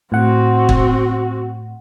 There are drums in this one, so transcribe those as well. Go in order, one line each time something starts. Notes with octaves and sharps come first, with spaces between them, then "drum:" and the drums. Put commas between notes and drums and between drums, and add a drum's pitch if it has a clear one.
A2 C4 F#4 F#5
drum: kick